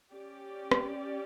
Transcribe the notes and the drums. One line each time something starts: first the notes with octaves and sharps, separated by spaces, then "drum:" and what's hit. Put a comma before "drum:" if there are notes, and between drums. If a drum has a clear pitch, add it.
C#4 G4 D5
drum: rim click